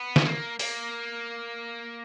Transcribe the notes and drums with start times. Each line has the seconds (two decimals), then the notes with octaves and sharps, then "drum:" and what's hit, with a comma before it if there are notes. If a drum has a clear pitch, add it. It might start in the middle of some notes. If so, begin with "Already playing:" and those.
Already playing: B3
0.16 drum: snare
0.26 A#3
0.59 A#3, drum: open hi-hat